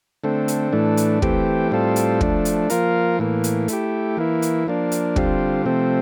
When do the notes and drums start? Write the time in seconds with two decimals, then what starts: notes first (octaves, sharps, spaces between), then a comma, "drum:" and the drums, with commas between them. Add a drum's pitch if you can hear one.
0.23 D3 A3 C4
0.48 drum: hi-hat
0.73 A2 E3 A3 D4
0.97 drum: hi-hat
1.22 E3 A3 C4 G4, drum: kick
1.71 A2 G3 C4 F4 A4
1.96 drum: hi-hat
2.21 F3 A3 D4, drum: kick
2.45 drum: hi-hat
2.70 F3 A#3 F4 A#4, drum: hi-hat
3.19 A2 E3 A#3
3.44 drum: hi-hat
3.68 A3 E4 G4, drum: hi-hat
4.17 E3 A#3 E4
4.42 drum: hi-hat
4.67 F3 A#3 D4
4.92 drum: hi-hat
5.16 D3 G3 C4 F4, drum: kick
5.65 C3 F3 A3 C4